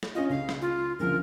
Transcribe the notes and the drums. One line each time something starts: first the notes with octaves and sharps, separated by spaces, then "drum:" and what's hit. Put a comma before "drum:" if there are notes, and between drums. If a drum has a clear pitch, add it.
drum: snare
C#4 F4 D#5
C#2 F5
drum: snare
F4
D2 C#3 F3 A#4